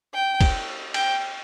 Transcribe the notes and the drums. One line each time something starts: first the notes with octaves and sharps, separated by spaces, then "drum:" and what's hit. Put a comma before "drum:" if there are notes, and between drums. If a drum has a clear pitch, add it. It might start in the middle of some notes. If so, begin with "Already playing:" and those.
G5
drum: kick F1, cymbal
G5, drum: cymbal